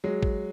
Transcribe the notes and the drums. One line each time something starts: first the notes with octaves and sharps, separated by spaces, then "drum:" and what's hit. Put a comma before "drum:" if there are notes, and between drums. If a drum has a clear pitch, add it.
F#3 G#3
drum: kick A1